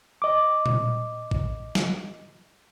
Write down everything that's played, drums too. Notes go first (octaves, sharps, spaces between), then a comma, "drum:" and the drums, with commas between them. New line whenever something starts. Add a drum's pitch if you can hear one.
D#5 D6
drum: tom A#2
drum: kick A1
drum: snare